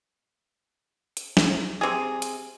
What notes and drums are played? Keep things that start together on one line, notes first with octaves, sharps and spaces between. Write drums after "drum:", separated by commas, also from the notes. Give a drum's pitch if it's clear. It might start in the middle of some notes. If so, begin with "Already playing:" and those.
drum: hi-hat
drum: snare
C3 G#4
drum: hi-hat